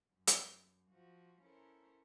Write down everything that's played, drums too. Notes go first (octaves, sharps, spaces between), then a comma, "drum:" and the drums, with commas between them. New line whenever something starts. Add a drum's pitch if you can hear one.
F#2
drum: hi-hat
F3 F#4
C#4 E4 A4 A#4 C5 C#5